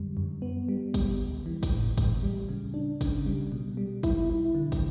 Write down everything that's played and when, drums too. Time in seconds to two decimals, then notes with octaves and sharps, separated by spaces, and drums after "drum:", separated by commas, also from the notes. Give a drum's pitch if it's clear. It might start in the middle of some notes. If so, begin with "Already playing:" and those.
Already playing: F#2 D3 G3
0.17 F#2
0.42 B3
0.68 G3
0.94 G3, drum: kick, hi-hat
1.20 D2
1.46 E3
1.63 drum: kick, hi-hat
1.72 A2
1.98 A2, drum: kick, hi-hat
2.23 G3
2.49 C#3
2.74 D4
3.01 C#3, drum: kick, hi-hat
3.26 G3
3.52 B2
3.77 G3
4.03 E4, drum: kick, hi-hat
4.29 E4
4.55 D3
4.72 drum: kick, hi-hat